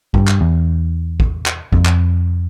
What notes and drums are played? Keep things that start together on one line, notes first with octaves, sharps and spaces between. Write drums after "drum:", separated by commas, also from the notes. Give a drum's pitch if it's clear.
G2, drum: kick
drum: clap
E2
drum: kick
drum: clap
F2, drum: kick
drum: clap